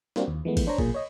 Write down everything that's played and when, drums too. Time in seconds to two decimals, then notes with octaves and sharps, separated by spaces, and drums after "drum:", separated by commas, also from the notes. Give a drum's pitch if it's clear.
0.16 G3 A#3 C4 D4 F#4, drum: snare
0.27 D#2
0.45 E3 F3 G#3 A3 B3
0.57 drum: kick, cymbal
0.67 D4 C5 C#5 A#5
0.79 B1 A#2 A#3 G#4, drum: kick
0.94 C#5 D#5